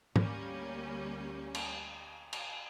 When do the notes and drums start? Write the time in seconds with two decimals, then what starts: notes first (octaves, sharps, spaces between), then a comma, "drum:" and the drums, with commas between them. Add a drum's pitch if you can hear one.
0.16 D2 G3 A#3 C#4, drum: tom
1.55 drum: cymbal
2.33 drum: cymbal